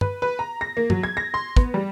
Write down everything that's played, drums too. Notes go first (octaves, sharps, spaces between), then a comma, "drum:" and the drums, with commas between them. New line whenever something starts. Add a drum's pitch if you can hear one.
B4, drum: tom
B4
A#5
A#6
A#3
F#3, drum: tom
G#6
A#6
C6
B3, drum: kick
G3